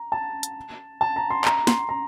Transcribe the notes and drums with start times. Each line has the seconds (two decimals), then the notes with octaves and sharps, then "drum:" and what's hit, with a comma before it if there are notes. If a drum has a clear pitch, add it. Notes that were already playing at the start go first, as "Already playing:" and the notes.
Already playing: A#5
0.12 A5
0.43 drum: hi-hat
1.01 A5
1.16 A#5
1.30 C6
1.45 A#5, drum: clap
1.67 C6, drum: snare
1.89 A#5